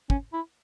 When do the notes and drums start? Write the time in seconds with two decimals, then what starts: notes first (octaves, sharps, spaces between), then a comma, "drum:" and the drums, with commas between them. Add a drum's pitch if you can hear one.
0.10 C#4, drum: kick
0.33 E4